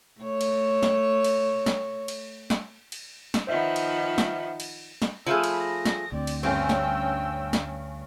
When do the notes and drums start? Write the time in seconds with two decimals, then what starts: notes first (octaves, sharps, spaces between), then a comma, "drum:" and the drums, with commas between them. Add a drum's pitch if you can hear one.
0.20 A3 C#5
0.41 drum: cymbal
0.83 drum: snare
1.24 drum: cymbal
1.66 drum: snare
2.08 drum: cymbal
2.50 drum: snare
2.92 drum: cymbal
3.34 drum: snare
3.47 D#3 F3 B3 C5 E5
3.76 drum: cymbal
4.18 drum: snare
4.60 drum: cymbal
5.02 drum: snare
5.26 F3 A3 G#4 B5 E6
5.44 drum: cymbal
5.61 A#6
5.85 drum: snare
6.12 D2 C4 D5
6.27 drum: cymbal
6.43 G2 C4 C#4 G5 E6
6.69 drum: snare
7.53 drum: snare